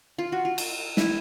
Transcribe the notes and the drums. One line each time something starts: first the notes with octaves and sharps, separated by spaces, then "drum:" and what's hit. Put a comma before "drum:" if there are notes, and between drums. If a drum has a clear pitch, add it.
F4
F#4
F4
drum: cymbal
E4, drum: snare